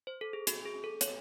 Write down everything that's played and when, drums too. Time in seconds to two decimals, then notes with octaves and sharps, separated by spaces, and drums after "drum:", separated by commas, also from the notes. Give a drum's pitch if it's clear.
0.07 C5
0.21 A4
0.33 G#4
0.47 F#4, drum: hi-hat
0.66 G#4
0.84 A4
1.01 C#5, drum: hi-hat